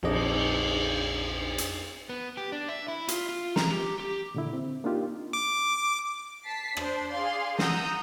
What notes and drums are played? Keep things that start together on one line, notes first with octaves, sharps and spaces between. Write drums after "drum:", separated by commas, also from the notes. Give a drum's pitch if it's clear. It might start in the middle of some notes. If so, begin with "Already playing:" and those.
A#1 F2 D4 D#4 D#5 D6, drum: cymbal
drum: hi-hat
B3
G4
D4
E5
E4
F4, drum: hi-hat
F4
A#5, drum: snare
G4
G4
A#2 D3 E4
C4
A#3 D4 D#4 F4 G4
D6
A5 B6 C7
D4 C5, drum: rim click
G#4 D5 F5 C6
F#5 A#5 D#6 E6 G6, drum: snare